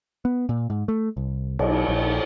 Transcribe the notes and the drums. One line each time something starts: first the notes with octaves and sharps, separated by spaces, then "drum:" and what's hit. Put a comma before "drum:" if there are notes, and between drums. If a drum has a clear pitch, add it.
B3
A#2
G#2
A3
C2
B1, drum: cymbal
A#1